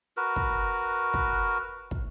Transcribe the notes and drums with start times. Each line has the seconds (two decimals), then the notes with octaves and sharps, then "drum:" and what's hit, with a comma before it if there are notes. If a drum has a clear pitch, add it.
0.17 F#4 A#4 B4
0.36 drum: kick
1.14 drum: kick
1.91 drum: kick